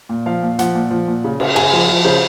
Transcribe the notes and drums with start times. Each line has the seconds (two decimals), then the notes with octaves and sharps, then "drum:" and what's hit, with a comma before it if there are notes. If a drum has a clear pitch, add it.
0.09 A#2
0.26 F3 F5
0.43 A#2
0.59 F3 F#5, drum: hi-hat
0.75 A#2
0.91 F3
1.08 A#2
1.24 C#3
1.40 C#3, drum: cymbal
1.56 C#3 G#5, drum: rim click
1.73 F3
1.89 F3
2.05 C#3 C5